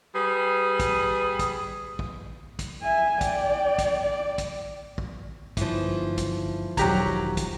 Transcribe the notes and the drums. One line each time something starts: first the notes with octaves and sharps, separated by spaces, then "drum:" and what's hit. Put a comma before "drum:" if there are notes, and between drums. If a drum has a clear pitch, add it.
G3 G#4 B4
drum: kick, hi-hat
drum: kick, hi-hat
drum: kick
drum: kick, hi-hat
E5 G#5
D5 G5, drum: kick, hi-hat
drum: kick, hi-hat
D5
drum: kick, hi-hat
drum: kick
G1 G#2 E3 F3, drum: kick, hi-hat
drum: kick, hi-hat
E1 C2 D#3 F#3 G4 A#5, drum: kick, hi-hat
drum: kick, hi-hat